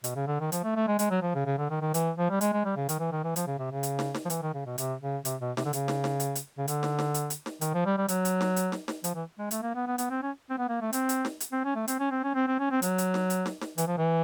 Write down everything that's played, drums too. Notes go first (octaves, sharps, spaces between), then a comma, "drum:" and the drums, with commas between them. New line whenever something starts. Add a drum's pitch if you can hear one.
B2, drum: hi-hat
C#3
D3
D#3
F3, drum: hi-hat
A3
A3
G#3
G#3, drum: hi-hat
F#3
F3
C#3
C#3
D3
D#3
D#3
E3, drum: hi-hat
F3
G3
G#3, drum: hi-hat
G#3
G3
C#3
D#3, drum: hi-hat
E3
D#3
E3
F3, drum: hi-hat
C#3
C3
C#3
drum: hi-hat
drum: snare
drum: snare
F3
E3, drum: hi-hat
D#3
C#3
B2
C3, drum: hi-hat
C#3
C3, drum: hi-hat
B2
C3, drum: snare
D3
C#3, drum: hi-hat
drum: snare
drum: snare
drum: hi-hat
drum: hi-hat
C#3
D3, drum: hi-hat
drum: snare
drum: snare
drum: hi-hat
drum: hi-hat
drum: snare
D#3, drum: hi-hat
F3
G3
G3
F#3, drum: hi-hat
drum: hi-hat
drum: snare
drum: hi-hat
drum: snare
drum: snare
F3, drum: hi-hat
E3
G#3
A3, drum: hi-hat
A#3
B3
B3
B3, drum: hi-hat
C4
C#4
C4
B3
A#3
A3
C4, drum: hi-hat
drum: hi-hat
drum: snare
drum: hi-hat
C4
C#4
A3
C4, drum: hi-hat
C#4
C4
C#4
C4
C4
C#4
C4
F#3, drum: hi-hat
drum: hi-hat
drum: snare
drum: hi-hat
drum: snare
drum: snare
E3, drum: hi-hat
F3
E3